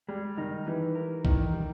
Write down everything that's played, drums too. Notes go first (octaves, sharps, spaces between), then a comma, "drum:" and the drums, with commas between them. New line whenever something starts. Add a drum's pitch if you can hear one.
G3 G#3
D#3 D#4
E3 G4
A#4
D#3 E3, drum: kick A#1
G3